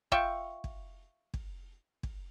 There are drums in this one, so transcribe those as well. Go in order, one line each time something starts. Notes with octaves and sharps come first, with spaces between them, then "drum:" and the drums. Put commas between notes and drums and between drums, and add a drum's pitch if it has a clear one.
F4 E5 G5 C#6, drum: kick
drum: kick
drum: kick
drum: kick